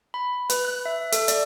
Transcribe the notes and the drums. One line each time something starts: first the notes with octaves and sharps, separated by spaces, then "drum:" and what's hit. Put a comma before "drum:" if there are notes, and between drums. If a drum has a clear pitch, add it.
B5
B4, drum: hi-hat
F#6
E5
A4, drum: hi-hat
D5, drum: hi-hat